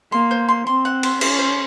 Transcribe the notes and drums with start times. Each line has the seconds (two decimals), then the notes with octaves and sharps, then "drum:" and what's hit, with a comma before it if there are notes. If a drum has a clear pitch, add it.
0.12 A#3 C6
0.31 C5
0.49 C6
0.67 C4 C6
0.85 F#5
1.03 C5, drum: cymbal
1.21 C#4 C5, drum: cymbal
1.39 C5